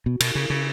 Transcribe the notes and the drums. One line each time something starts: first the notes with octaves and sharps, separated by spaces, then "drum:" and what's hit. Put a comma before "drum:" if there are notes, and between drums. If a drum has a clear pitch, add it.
B2
B2, drum: cymbal
C#3
C#3